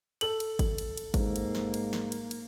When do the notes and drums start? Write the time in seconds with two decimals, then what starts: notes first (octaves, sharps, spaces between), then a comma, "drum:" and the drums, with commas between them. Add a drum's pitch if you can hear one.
0.21 A4 F#7, drum: cymbal
0.40 drum: cymbal
0.59 drum: kick G#1, cymbal
0.78 drum: cymbal
0.97 drum: cymbal
1.14 G#2 A#3, drum: kick G#1, cymbal
1.36 drum: cymbal
1.55 drum: snare
1.74 drum: cymbal
1.93 drum: snare
2.12 drum: cymbal
2.31 drum: cymbal